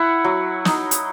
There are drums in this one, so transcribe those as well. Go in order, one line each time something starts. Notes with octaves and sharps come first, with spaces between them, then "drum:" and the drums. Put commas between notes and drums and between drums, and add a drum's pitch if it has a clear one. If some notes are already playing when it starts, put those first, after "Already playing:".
Already playing: E4 F#5
F#3
D#4, drum: snare
drum: hi-hat